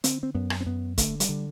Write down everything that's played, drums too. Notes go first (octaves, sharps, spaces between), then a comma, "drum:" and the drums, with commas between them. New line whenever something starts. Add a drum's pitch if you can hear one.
D3 C4, drum: hi-hat
C4
F#2 B3
drum: rim click
C4
F#2 B3
D3 A3, drum: kick, hi-hat
G3, drum: hi-hat
D3